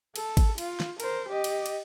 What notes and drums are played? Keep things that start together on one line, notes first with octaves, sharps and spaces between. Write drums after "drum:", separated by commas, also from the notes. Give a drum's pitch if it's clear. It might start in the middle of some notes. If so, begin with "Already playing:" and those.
A4, drum: cymbal
drum: kick G#1, cymbal
F4, drum: cymbal
drum: snare
A#4 C5, drum: cymbal
G4 D#5
drum: cymbal
drum: cymbal